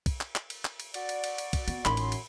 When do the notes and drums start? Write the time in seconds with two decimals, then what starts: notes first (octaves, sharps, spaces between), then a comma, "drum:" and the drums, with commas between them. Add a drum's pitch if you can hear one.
0.06 drum: kick, cymbal
0.21 drum: clap
0.35 drum: clap
0.50 drum: cymbal
0.65 drum: clap
0.80 drum: cymbal
0.94 F#4 D5, drum: cymbal
1.09 drum: cymbal
1.24 drum: cymbal
1.38 drum: cymbal
1.53 drum: kick, cymbal
1.68 B3, drum: cymbal
1.85 A1 F#2 D#4 B5 C6, drum: clap
1.97 drum: cymbal
2.12 drum: cymbal